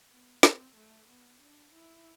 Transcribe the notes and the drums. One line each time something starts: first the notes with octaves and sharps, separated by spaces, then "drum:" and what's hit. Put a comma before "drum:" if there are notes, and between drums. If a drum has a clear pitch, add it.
B3
C4, drum: snare
A3
B3
D4
E4